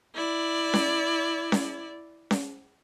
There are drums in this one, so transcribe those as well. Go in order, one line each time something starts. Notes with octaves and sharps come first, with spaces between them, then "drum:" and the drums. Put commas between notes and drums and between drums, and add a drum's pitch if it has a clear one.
E4 D5
drum: snare C#4
drum: snare C#4
drum: snare C#4